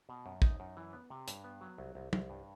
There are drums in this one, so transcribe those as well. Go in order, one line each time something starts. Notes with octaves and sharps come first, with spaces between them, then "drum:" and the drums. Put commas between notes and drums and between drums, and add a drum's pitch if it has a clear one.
B2
F#2
D#4, drum: kick
F#2
E3
B3
C3
G2, drum: hi-hat
B3
F#3
C2
C2
C2, drum: tom
G2